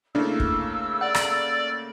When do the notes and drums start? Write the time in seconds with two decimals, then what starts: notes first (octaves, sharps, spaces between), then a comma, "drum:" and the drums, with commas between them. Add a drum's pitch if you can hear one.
0.15 C#3 A3 A#3 D4 E4 E6
0.40 drum: kick
1.01 D5 F#5
1.15 drum: rim click